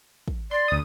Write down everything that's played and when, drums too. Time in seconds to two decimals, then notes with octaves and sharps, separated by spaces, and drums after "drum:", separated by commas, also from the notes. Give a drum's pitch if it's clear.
0.28 drum: kick
0.51 D5 C6
0.68 D2 D#6